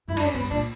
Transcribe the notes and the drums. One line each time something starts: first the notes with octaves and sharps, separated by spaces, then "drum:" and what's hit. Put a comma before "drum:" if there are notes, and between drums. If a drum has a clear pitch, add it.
G2 E4
F#2 D4, drum: cymbal
C#4
G2 B3
A#2 D4